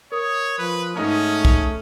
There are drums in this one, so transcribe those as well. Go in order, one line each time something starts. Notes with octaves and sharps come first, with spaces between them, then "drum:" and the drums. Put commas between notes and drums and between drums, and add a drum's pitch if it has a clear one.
A#4 C#5 D#6
F3 B4
G#2 A3 C#4 D#4
drum: kick